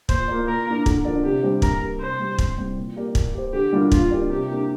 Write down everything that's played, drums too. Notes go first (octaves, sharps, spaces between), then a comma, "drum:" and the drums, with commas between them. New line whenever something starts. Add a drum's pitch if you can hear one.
A#2 C5, drum: kick
A#3 F4 D5
A#2 A#4
A#3 D4
D3, drum: kick
F3 D4 A#4 D5
C3 G4
G3 D4 G4 C5
A#3 A#4, drum: kick
G4 A#4
C3 C5
G3 C4 G4
C3, drum: kick
G3 C4
A#2
A#3 G4 A#4 D5
A#3, drum: kick
G4 C5
D3 G4
G3 D4 F4 A#4
A#3 F4, drum: kick
D4 G4 A#4 D5
C3 G4
A#3 D4